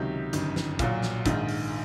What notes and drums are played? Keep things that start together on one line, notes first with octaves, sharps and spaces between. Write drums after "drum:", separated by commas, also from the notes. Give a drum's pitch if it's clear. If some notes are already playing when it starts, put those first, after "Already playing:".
Already playing: C#2 C3 D#3 F#3 G4
G1 F#2 D#3, drum: hi-hat
drum: snare
B1 A#2 F#3 F4, drum: kick, hi-hat
drum: snare
A#1 G#2 D#3, drum: kick, hi-hat
drum: open hi-hat